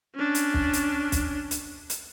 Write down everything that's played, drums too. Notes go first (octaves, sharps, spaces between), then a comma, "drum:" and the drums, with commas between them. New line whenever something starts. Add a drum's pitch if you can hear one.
C#4 D4
drum: hi-hat
drum: kick
drum: hi-hat
drum: kick, hi-hat
drum: hi-hat
drum: hi-hat